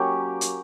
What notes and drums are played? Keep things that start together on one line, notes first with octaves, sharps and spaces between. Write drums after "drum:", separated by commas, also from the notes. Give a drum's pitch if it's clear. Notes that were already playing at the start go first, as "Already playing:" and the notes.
Already playing: F#3 A#3 C#4 G4
drum: hi-hat